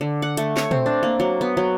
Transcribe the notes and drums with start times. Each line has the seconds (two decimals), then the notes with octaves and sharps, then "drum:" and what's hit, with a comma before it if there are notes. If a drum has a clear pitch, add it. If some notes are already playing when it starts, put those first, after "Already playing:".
0.01 D3
0.22 F#5
0.37 A3, drum: hi-hat
0.57 C#5, drum: snare
0.71 C4, drum: tom
0.86 D4
1.03 A#3
1.20 F#3
1.41 B3
1.57 F#3